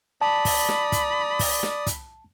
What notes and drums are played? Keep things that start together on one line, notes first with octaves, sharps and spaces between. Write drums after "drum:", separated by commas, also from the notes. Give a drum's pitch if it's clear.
D5 A5 B5 D#6
drum: kick, open hi-hat
drum: snare
drum: kick, hi-hat
drum: kick, open hi-hat
drum: snare
drum: kick, hi-hat